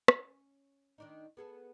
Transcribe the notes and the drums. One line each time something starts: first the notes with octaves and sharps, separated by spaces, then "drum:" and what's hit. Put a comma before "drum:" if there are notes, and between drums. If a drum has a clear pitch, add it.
C#4, drum: rim click
D#3 D4 D#4
B3 G#4 A4